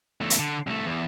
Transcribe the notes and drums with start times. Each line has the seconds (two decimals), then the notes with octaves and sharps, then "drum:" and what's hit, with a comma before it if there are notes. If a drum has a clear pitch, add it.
0.21 E2 A3
0.30 drum: hi-hat
0.39 D3
0.67 C2 A3
0.86 E2